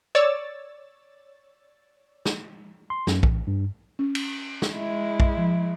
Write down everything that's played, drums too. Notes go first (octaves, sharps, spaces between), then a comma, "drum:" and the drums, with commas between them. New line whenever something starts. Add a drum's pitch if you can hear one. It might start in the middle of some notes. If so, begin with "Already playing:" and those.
C#5 D5 E6 A6
drum: snare
C6
F#2, drum: snare
A1, drum: kick A#1
G2
C#4
drum: cymbal
drum: snare
G#3 E4
drum: kick A#1
F3